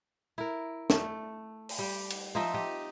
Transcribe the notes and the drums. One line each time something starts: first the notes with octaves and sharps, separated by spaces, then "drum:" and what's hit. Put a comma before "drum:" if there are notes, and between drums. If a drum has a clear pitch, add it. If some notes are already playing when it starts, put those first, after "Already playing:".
E4 A#4
A3, drum: snare
drum: open hi-hat
G3 G4
drum: cymbal
F3 C4 D#4 E5
G4 D#5